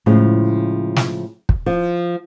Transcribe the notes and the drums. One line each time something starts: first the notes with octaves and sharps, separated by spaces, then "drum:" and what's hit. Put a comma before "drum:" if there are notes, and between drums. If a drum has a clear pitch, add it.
A2 C#3 F3 G#3
drum: snare
drum: kick
F3